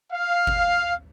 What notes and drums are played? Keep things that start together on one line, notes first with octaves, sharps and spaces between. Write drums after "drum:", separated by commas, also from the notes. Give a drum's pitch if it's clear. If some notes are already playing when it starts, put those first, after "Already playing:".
F5
drum: kick G1